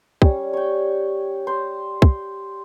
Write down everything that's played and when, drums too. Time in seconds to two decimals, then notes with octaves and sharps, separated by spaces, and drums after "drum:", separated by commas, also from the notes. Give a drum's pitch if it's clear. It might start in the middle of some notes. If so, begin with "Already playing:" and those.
0.22 G3 C#4, drum: kick
0.53 C#5 G5
1.47 C5
2.02 drum: kick